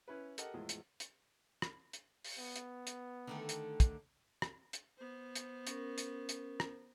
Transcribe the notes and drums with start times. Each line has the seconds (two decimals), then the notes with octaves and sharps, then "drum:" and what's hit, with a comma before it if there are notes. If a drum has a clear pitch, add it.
0.08 C#4 E4 B4
0.38 G4 A4 A#4 D#5 F#5, drum: hi-hat
0.54 E2 A2 F3 G#3
0.69 drum: hi-hat
1.00 drum: hi-hat
1.62 drum: rim click
1.93 drum: hi-hat
2.25 drum: open hi-hat
2.39 B3
2.56 drum: hi-hat
2.87 drum: hi-hat
3.27 D3 D#3 A3
3.49 drum: hi-hat
3.80 drum: kick, hi-hat
4.42 drum: rim click
4.73 drum: hi-hat
4.97 B3 C5
5.35 drum: hi-hat
5.67 C#4 A#4, drum: hi-hat
5.98 drum: hi-hat
6.29 drum: hi-hat
6.60 drum: rim click